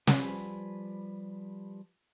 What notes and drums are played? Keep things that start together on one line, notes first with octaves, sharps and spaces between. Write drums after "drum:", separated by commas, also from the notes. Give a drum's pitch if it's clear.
F3 G3 B4 G#5 B5, drum: snare